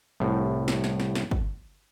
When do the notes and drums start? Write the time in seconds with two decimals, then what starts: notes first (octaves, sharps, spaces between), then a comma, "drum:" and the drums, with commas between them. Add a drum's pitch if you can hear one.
0.20 C2 A2
0.68 drum: snare
0.84 drum: snare
1.00 drum: snare
1.15 drum: snare
1.31 drum: kick